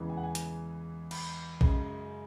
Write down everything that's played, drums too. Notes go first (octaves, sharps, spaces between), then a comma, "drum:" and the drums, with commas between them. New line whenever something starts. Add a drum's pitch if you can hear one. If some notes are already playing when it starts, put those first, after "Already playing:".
Already playing: E2 C#3 E3 G#3
G#5
F#5
G#5
drum: hi-hat
B5, drum: cymbal
F#2 C#3 G#3, drum: kick A#1